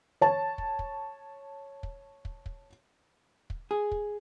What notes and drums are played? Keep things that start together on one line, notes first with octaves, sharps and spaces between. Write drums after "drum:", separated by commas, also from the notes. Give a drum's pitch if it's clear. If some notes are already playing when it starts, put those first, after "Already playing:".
C#5 A5
drum: kick
drum: kick
drum: kick
drum: kick
drum: kick
drum: kick
G#4
drum: kick